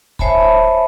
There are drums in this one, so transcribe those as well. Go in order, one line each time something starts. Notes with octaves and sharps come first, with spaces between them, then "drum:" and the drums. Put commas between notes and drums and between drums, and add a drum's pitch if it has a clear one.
C5 C#5 E5 G#5 A5 B5, drum: kick D1